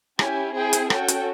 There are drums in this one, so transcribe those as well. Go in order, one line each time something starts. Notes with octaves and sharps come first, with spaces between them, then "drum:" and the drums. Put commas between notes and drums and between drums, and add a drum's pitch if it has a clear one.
C#4 E4 G4 G#5, drum: rim click
C4 E4 G#4 G5
drum: hi-hat
C#4 F#4 A4 G5, drum: rim click
drum: hi-hat